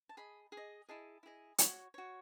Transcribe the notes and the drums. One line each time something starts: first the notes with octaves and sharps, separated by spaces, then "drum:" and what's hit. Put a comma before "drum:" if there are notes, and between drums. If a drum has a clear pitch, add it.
A5
G#4 D#5 B5
G#4
D#5
E4 G#4 D#5 A5
E4 G#4 D#5
F#4 C#5, drum: hi-hat
F#4 C#5